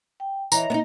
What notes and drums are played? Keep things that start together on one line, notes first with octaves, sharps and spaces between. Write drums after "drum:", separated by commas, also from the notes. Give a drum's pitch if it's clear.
G5
E3 C#5 D#5 E5 A#5, drum: tambourine
A#3 B3 D#4 D#5